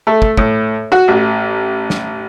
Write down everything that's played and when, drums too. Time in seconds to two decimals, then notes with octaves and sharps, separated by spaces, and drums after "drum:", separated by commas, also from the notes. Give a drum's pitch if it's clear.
0.07 A3
0.22 drum: kick
0.37 A2, drum: kick
0.92 F#4
1.08 A1
1.90 drum: snare